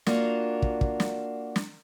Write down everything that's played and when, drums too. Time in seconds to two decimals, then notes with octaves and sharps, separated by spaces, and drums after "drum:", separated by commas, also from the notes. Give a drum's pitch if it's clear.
0.06 A#3 D4 F4 F#4, drum: snare
0.62 drum: kick
0.81 drum: kick
1.00 drum: snare
1.56 drum: snare